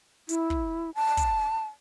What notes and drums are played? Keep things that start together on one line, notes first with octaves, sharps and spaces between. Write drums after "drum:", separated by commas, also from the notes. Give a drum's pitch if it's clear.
E4, drum: hi-hat
drum: kick
A5
drum: kick, hi-hat